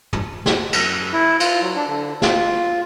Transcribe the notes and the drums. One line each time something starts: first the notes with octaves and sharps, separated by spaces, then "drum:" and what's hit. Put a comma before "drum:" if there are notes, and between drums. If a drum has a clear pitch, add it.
drum: tom
drum: snare
F#2, drum: cymbal
E4
F4, drum: cymbal
F#3
D4
D3
F4, drum: snare